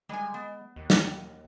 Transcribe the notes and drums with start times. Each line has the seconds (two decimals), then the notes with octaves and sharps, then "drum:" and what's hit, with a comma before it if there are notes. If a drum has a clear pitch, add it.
0.09 G3 G#3 G#5
0.34 B3
0.76 D#2
0.90 drum: snare